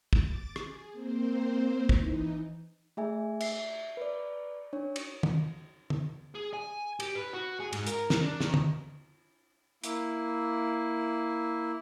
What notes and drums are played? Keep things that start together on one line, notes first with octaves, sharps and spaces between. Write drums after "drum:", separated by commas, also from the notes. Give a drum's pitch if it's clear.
D6 A6, drum: kick
G#4, drum: rim click
A#3 C4 C5
E3 D#4, drum: kick
A3 G#4 E5 G#5
E5 C7, drum: cymbal
B4 D5
D4 C#5
drum: cymbal
drum: tom
drum: tom
G#4
G#5
G4, drum: cymbal
B4
F#4
G#4
G#2, drum: cymbal
A#4, drum: hi-hat
drum: snare
D4
D#3, drum: snare
drum: tom
A#3 E4, drum: hi-hat